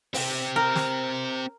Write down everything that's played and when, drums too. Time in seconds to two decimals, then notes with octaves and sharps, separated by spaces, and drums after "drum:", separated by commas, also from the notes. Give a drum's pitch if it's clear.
0.14 C4 G4, drum: open hi-hat
0.56 A#4
0.76 drum: snare